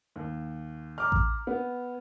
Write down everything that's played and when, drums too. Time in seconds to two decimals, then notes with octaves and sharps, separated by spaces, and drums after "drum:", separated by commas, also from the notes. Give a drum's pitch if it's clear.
0.16 D#2
0.98 A#5 D6 F6
1.12 drum: kick A1
1.47 B3